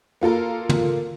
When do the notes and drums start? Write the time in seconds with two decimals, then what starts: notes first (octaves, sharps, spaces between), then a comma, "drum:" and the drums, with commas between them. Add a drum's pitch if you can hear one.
0.21 A#3 F4 A4 A#4
0.69 drum: tom